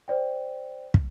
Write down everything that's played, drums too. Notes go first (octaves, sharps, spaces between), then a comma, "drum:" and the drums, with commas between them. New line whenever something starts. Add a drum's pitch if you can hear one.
C5 D5 G5
drum: kick